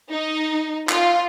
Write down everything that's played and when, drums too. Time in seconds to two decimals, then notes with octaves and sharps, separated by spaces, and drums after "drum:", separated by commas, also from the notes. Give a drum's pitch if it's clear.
0.11 D#4
0.89 F4, drum: clap